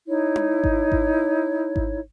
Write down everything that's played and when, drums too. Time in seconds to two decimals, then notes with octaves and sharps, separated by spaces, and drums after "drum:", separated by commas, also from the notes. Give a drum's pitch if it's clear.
0.08 D#4 E4 C#5
0.36 drum: tom D#4
0.64 drum: kick G#1
0.92 drum: kick G#1
1.76 drum: kick G#1